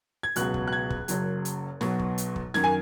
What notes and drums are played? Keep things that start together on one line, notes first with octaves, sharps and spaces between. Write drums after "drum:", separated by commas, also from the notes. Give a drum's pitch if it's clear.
G#6
C#2 B2 F#3 F#6, drum: hi-hat
drum: kick
F#6
G#6
drum: kick
F#1 F#2 C#3 F#3, drum: hi-hat
drum: hi-hat
B1 B2 F#3, drum: snare
drum: kick
drum: hi-hat
drum: kick
F#2 D#3 G#6, drum: snare
G#5